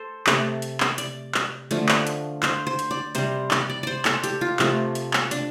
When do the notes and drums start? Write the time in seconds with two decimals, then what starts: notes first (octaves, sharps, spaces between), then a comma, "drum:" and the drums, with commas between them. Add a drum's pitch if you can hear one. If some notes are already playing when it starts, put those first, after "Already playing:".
Already playing: A4 C5
0.27 C3 A3, drum: clap
0.62 drum: hi-hat
0.80 drum: clap
0.98 D5, drum: hi-hat
1.34 drum: clap
1.71 D3 F3 A3, drum: hi-hat
1.89 drum: clap
2.07 drum: hi-hat
2.43 C5, drum: clap
2.67 C5
2.79 drum: hi-hat
2.91 D5
3.15 C3 G3 C5, drum: hi-hat
3.51 D5, drum: clap
3.70 D5
3.83 C5 D5
4.05 A4, drum: clap
4.24 G4, drum: hi-hat
4.41 F4
4.59 C3 F3 A3, drum: clap
4.95 drum: hi-hat
5.13 drum: clap
5.31 D4, drum: hi-hat